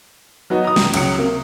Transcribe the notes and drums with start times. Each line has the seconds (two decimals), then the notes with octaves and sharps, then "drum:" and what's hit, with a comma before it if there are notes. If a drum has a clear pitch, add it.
0.50 F#3 B3 D#4 F#4
0.65 A#5 D#6
0.76 C#2, drum: snare
0.94 C#2 F#3 C#7, drum: cymbal
1.18 C3 A#3